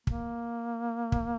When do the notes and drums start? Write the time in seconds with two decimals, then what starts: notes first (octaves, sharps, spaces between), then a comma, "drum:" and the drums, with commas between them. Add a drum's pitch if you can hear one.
0.07 A#3, drum: kick
1.12 drum: kick